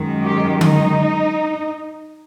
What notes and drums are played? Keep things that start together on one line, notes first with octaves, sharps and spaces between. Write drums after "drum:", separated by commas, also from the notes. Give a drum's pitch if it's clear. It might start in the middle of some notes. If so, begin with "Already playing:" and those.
Already playing: F#2 D#3 G#3
G4
D#4, drum: tom D3